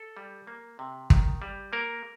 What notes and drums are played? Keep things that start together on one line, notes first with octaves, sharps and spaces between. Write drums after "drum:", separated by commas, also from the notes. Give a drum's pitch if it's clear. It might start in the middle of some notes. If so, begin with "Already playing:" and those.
Already playing: A4
G3
A#3
C3
D#3, drum: kick
G3
A#3 A#4